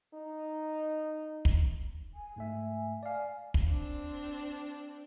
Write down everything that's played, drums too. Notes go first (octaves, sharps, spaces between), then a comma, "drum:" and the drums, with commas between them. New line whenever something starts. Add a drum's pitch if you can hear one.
D#4
drum: kick
G#5
G#2 A3 E5
D5 F5 G#5
drum: kick
C4 D4